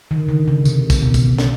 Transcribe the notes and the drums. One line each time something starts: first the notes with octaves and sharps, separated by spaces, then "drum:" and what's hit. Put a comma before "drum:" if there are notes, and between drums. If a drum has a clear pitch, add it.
D#3
D3
C#3
C3, drum: tambourine
drum: kick, tambourine
B2
drum: kick, tambourine
drum: snare